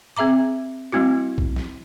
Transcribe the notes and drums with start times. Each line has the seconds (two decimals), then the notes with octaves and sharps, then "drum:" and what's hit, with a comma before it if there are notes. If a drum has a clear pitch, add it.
0.17 C4 G#4 E5 A#5 D6
0.92 G3 A3 C4 E4 F#4
1.38 drum: kick B1
1.56 drum: snare